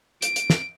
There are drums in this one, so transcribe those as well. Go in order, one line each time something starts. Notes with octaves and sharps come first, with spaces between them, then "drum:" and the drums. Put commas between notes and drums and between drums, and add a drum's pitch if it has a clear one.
D7, drum: hi-hat
drum: hi-hat
drum: snare